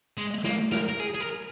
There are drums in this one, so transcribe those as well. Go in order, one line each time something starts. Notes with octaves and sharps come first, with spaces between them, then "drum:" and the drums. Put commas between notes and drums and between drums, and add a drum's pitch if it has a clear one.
G#3, drum: tambourine
A#3, drum: snare
A#4, drum: snare
A#4
G#4, drum: tambourine
G#4
A#4